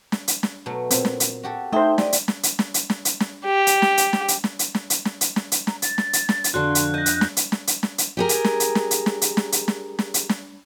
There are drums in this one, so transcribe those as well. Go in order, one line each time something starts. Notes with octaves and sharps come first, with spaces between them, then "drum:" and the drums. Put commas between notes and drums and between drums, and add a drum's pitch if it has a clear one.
drum: snare
drum: hi-hat
drum: snare
B2 F#3 A3
A#2 C4, drum: hi-hat
drum: snare
drum: hi-hat
F#4 G4 A4
A3 D#4 E4 C5 E5 G5
G4 D5 D#5, drum: snare
drum: hi-hat
drum: snare
drum: hi-hat
drum: snare
drum: hi-hat
drum: snare
drum: hi-hat
drum: snare
G4
drum: hi-hat
drum: snare
drum: hi-hat
drum: snare
drum: hi-hat
drum: snare
drum: hi-hat
drum: snare
drum: hi-hat
drum: snare
drum: hi-hat
drum: snare
drum: hi-hat
A#5, drum: snare
A6, drum: hi-hat
drum: snare
drum: hi-hat
drum: snare
drum: hi-hat
F2 D3 D4 F#4 C6 F#6
drum: hi-hat
D#5 F#6 G6 A#6
drum: hi-hat
drum: snare
drum: hi-hat
drum: snare
drum: hi-hat
drum: snare
drum: hi-hat
G4 G#4 A#4
drum: hi-hat
drum: snare
drum: hi-hat
drum: snare
drum: hi-hat
drum: snare
drum: hi-hat
drum: snare
drum: hi-hat
drum: snare
drum: snare
drum: hi-hat
drum: snare